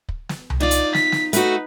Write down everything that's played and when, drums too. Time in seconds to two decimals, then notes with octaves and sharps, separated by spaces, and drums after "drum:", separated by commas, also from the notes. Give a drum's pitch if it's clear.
0.09 drum: kick
0.29 drum: snare
0.50 drum: tom C2
0.60 D#4 F4 D5
0.71 drum: hi-hat
0.94 B6, drum: snare
1.12 drum: snare
1.33 A3 D#4 F#4 B4, drum: hi-hat